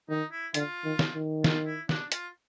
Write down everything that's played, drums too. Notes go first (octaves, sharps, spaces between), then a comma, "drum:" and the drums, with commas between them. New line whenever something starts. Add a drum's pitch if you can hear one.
D#3 D#4
E4
D3 F4, drum: hi-hat
D#3
drum: snare
D#3
F4, drum: snare
E4
D4, drum: snare
F4, drum: hi-hat